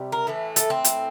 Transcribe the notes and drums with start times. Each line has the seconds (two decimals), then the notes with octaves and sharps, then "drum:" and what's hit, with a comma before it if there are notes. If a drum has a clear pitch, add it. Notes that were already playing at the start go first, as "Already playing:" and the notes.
Already playing: C3 G3
0.12 A#4
0.27 A2 E3 A3
0.56 A4, drum: hi-hat
0.70 C4
0.84 drum: hi-hat